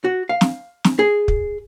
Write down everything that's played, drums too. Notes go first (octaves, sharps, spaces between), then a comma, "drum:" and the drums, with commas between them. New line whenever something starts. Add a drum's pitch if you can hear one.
F#4
F5
drum: snare
drum: snare
G#4
drum: kick